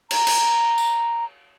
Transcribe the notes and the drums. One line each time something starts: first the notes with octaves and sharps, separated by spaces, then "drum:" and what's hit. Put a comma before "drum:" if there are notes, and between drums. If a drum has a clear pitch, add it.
A#5, drum: cymbal
drum: cymbal
drum: tambourine